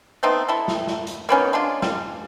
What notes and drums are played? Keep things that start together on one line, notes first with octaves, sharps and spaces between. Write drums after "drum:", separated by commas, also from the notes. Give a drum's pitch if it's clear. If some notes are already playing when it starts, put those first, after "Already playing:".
A3 B3 C4 D#4
E4 A4
drum: snare
drum: snare
drum: hi-hat
A#3 B3 C#4 D#4
G#3 D4 F4
G3, drum: snare